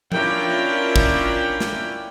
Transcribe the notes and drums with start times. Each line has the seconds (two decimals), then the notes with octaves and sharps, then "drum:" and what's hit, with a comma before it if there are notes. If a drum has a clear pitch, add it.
0.12 C#4 D4 E4 F4 A#4 G5, drum: tom F3
0.96 drum: kick
1.60 drum: snare